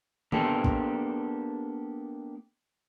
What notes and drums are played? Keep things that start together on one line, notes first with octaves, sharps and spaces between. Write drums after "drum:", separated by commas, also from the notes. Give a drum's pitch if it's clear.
A#3 B3 D4 G4 A4, drum: tom D#3
drum: kick